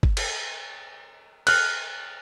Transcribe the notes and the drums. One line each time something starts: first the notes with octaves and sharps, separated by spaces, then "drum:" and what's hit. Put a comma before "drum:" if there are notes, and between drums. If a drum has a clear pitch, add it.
drum: kick G1
drum: cymbal
F6 F#6, drum: cymbal